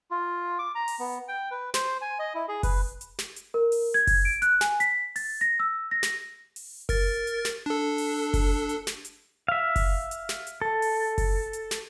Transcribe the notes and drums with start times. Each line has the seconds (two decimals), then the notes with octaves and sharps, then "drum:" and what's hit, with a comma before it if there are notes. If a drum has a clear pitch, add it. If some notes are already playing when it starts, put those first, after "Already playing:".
0.11 F4
0.59 D6
0.75 A#5
0.88 drum: open hi-hat
1.00 B3
1.28 G5
1.51 B4
1.74 C5, drum: snare
2.02 G#5
2.19 D#5
2.35 E4
2.48 G#4
2.63 B4, drum: kick F#1, open hi-hat
3.01 drum: hi-hat
3.19 drum: snare
3.36 drum: hi-hat
3.54 A#4
3.72 drum: open hi-hat
3.94 G#6
4.07 drum: kick F#1, open hi-hat
4.25 D7
4.42 F#6, drum: hi-hat
4.61 G#5, drum: snare
4.80 B6, drum: hi-hat
5.16 A6, drum: open hi-hat
5.41 A#6
5.60 E6
5.91 A#6
6.03 drum: snare
6.56 drum: open hi-hat
6.89 A#4 A6, drum: kick F#1, open hi-hat
7.27 drum: hi-hat
7.45 drum: snare
7.66 D4 A4
7.98 drum: open hi-hat
8.34 drum: kick F#1, open hi-hat
8.69 drum: hi-hat
8.87 drum: snare
9.05 drum: hi-hat
9.48 E5 F5
9.76 drum: kick F#1, open hi-hat
10.11 drum: hi-hat
10.29 drum: snare
10.47 drum: hi-hat
10.62 A4
10.82 drum: open hi-hat
11.18 drum: kick F#1, open hi-hat
11.53 drum: hi-hat
11.71 drum: snare